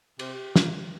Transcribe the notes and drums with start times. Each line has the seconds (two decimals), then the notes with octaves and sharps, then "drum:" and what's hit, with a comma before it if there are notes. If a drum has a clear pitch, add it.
0.19 C3 G4, drum: cymbal
0.56 G3 A#3 C#4 F4, drum: snare